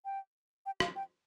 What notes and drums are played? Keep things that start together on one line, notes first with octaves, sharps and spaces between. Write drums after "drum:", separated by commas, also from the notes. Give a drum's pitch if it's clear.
G5
G5
F5, drum: rim click
G5